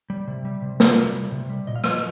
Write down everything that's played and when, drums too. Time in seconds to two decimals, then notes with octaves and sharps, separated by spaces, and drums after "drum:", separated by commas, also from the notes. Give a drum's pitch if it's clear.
0.10 G3
0.27 C3
0.45 G3
0.62 C3
0.80 G3, drum: snare
0.98 C3
1.14 G3
1.32 C3
1.49 G3
1.67 A#2 D#5
1.76 F5
1.84 F3 D#5, drum: rim click